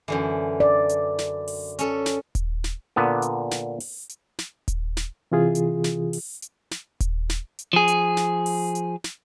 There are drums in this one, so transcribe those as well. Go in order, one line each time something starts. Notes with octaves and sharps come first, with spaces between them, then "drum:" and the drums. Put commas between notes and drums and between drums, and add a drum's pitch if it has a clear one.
F#2 D3 E3
D5
drum: hi-hat
drum: snare
drum: open hi-hat
C#4 A4, drum: hi-hat
drum: snare
drum: kick D#1, hi-hat
drum: snare
A#2 D3 B3
drum: hi-hat
drum: snare
drum: open hi-hat
drum: hi-hat
drum: snare
drum: kick D#1, hi-hat
drum: snare
C3 E3 F4 G#4
drum: hi-hat
drum: snare
drum: open hi-hat
drum: hi-hat
drum: snare
drum: kick D#1, hi-hat
drum: snare
drum: hi-hat
F3 G#4
drum: hi-hat
drum: snare
drum: open hi-hat
drum: hi-hat
drum: snare